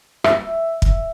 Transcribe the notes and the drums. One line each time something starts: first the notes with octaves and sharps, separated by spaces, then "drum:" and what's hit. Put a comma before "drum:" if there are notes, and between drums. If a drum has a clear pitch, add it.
E5, drum: rim click
drum: kick